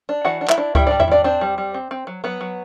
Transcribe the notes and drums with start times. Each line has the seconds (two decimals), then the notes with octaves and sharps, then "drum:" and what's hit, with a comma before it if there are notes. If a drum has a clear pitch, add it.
0.09 D4
0.25 E3 F#4 F#5
0.41 D4
0.49 E4 E5, drum: clap
0.58 D4
0.75 G3 E4 E5, drum: kick C#2
0.87 G3 D4 D5
1.00 E4 E5, drum: tom E2
1.08 G3 D4 D5
1.24 C4 D4 C5
1.41 G3
1.58 G3
1.74 C4
1.91 C4
2.07 F#3
2.24 F#3 B3 B4
2.41 F#3